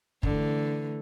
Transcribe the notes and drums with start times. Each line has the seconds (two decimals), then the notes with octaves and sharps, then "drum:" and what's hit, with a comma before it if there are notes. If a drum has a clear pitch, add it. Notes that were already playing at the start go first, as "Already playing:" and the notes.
0.23 D3 E3 A3, drum: kick F#1